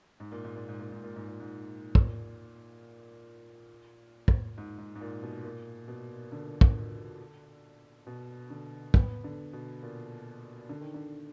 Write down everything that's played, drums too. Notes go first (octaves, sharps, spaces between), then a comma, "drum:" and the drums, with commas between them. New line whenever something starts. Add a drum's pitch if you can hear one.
G#2
A#2
G#2
A#2
G#2
A#2
G#2
A#2
G#2
A#2
G#2
A#2, drum: kick
drum: kick
G#2
G#2
G#2
A#2
B2
A#2
B2
D3
drum: kick
B2
D3
B3, drum: kick
D3
B2
A#2
D3
D#3
D3